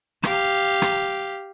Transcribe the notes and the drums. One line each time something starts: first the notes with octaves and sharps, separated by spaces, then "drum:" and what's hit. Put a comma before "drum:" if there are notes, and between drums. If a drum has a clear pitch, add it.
G4 F5, drum: rim click
drum: rim click